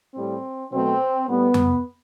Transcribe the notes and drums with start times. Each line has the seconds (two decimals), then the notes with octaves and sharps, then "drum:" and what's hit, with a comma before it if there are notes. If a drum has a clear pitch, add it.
0.14 A2 G3 C4
0.72 B2 F#3 A3 C4
1.28 A2 G3 B3
1.54 drum: tom F2